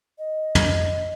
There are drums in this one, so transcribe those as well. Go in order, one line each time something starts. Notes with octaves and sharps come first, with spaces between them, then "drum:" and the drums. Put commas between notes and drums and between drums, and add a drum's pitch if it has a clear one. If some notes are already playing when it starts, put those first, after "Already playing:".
D#5
drum: tom